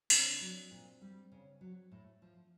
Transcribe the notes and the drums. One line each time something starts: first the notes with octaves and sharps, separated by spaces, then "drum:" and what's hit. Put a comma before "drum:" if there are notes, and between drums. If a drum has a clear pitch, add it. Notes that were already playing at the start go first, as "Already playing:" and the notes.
C#3 C4 D4, drum: open hi-hat
F#3
A#2
G3
C#3
F#3
A2
F3